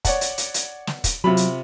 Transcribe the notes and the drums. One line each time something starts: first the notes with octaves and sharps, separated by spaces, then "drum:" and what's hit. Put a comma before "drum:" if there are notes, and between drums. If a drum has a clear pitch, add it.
C#5 D5 F#5, drum: kick, hi-hat
drum: hi-hat
drum: hi-hat
drum: hi-hat
drum: snare
drum: kick, hi-hat
C3 F#3 F4 B5
drum: hi-hat